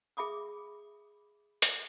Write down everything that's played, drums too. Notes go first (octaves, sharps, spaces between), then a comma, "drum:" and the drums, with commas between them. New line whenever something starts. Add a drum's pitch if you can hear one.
G#4 E5 B5 D6 D#6
drum: hi-hat